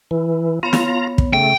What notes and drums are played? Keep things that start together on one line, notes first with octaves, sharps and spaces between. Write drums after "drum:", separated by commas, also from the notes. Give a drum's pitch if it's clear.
E3
B3 F4 C#5 A#5
drum: snare
drum: kick
C#3 A3 G5